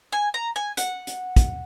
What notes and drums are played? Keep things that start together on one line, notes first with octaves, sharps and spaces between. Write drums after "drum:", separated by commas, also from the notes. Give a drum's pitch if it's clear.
G#5
A#5
G#5
F#5, drum: hi-hat
drum: hi-hat
drum: kick, hi-hat